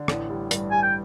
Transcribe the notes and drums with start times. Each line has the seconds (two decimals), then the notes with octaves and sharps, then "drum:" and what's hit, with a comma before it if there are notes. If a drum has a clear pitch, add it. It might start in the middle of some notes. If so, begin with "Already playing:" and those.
Already playing: D3
0.08 A1, drum: rim click
0.30 G3
0.51 G2, drum: hi-hat
0.71 G3 G#5
0.83 G5